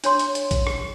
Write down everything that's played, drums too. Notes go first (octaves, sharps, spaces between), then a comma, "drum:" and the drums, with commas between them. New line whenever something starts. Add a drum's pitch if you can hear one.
D4 C#5 C6, drum: hi-hat
drum: hi-hat
drum: hi-hat
drum: kick, hi-hat
drum: rim click